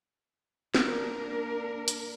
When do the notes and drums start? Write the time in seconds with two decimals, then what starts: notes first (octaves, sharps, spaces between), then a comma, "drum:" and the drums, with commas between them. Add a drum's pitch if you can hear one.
0.75 A#3 D4 A#4, drum: snare
1.88 drum: hi-hat